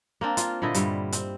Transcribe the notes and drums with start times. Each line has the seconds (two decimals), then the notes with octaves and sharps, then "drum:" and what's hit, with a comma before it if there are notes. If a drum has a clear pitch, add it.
0.21 A#3 C4 D4
0.37 F4, drum: hi-hat
0.62 A#2 D3 E4 D#5
0.74 G2 G3, drum: hi-hat
1.12 C4, drum: hi-hat